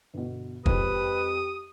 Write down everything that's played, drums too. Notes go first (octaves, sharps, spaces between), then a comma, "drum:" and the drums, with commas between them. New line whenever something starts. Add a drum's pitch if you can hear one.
G1 B2
F2 G#3 G4 B4 C5 D#6, drum: kick